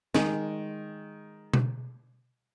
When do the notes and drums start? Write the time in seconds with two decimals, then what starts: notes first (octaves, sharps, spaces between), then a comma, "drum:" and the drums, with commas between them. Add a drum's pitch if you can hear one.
0.14 D#3 G#3, drum: snare
1.53 drum: tom B2